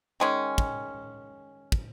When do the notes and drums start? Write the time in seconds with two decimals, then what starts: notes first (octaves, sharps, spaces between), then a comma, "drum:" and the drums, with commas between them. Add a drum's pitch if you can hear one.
0.20 D#3 G#3 C#4
0.58 drum: kick
1.72 drum: kick